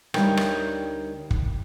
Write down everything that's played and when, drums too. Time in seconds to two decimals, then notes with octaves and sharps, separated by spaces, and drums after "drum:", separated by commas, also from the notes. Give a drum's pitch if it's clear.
0.14 D2 G3 D#4 A#4 C#5 G5, drum: rim click
0.37 drum: rim click
1.31 drum: kick